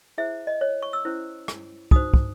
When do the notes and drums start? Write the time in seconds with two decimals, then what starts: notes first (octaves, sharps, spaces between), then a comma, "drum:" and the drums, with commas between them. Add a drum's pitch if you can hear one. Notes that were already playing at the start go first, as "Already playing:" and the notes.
0.18 E4 G#4 C5 E5
0.47 D#5
0.61 C#5
0.82 C#6
0.93 E6
1.05 C#4 E4 C5
1.48 drum: rim click
1.91 D#4 F#4 C5 D#6, drum: kick
2.14 drum: kick